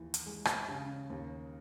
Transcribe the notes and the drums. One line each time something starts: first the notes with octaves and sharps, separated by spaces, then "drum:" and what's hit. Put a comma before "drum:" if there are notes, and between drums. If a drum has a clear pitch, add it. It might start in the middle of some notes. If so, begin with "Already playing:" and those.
Already playing: D#2 E3
drum: hi-hat
G#3
drum: rim click
C#3
D#2